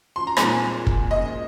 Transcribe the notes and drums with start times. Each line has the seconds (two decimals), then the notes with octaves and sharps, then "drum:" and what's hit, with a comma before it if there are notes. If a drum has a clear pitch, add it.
0.16 C6
0.27 A#5
0.37 A#2 G#3 C4 G#5, drum: rim click
0.87 drum: kick
1.11 D#5